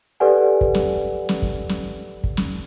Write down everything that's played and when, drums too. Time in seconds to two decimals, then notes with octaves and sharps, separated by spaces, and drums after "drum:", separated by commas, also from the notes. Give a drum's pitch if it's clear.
0.20 G4 A4 B4 D5 F#5 G#5
0.61 drum: kick
0.75 drum: snare
1.29 drum: snare
1.42 drum: kick
1.69 drum: snare
2.24 drum: kick
2.37 drum: snare